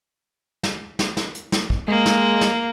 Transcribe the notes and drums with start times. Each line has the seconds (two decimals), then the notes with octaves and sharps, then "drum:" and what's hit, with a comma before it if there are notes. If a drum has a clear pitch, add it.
0.63 drum: snare
0.99 drum: snare
1.17 drum: snare
1.35 drum: hi-hat
1.52 drum: snare
1.70 drum: kick
1.88 G#3 A#3
2.06 drum: snare
2.41 drum: snare